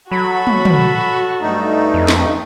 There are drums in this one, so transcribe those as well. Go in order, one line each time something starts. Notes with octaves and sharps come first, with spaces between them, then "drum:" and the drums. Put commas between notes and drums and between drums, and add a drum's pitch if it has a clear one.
F#3 F#4 A4 B5
drum: tom
drum: tom
G2 A3 D#4
F2
drum: snare